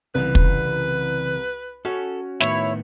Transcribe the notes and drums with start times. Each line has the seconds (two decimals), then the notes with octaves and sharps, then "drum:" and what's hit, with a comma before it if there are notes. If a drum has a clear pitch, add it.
0.15 C2 C#3 E3 B4
0.35 drum: kick
1.85 C#4 F#4 A4
2.40 A2 D#3 B3 E4 C#5, drum: snare